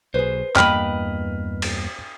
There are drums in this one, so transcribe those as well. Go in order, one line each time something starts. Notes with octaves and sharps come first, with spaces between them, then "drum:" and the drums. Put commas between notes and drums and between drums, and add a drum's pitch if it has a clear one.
B1 G#4 B4 C5
E2 G2 A#3 B4 D#5 G5 B5 F6, drum: clap
drum: cymbal